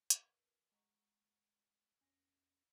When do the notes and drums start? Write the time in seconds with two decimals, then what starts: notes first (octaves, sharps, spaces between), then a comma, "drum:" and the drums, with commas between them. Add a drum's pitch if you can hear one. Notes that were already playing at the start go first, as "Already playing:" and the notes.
0.10 A#4 B4, drum: hi-hat
0.72 G#3 F#5 A#5 C#6
2.01 E2 C#4 A#6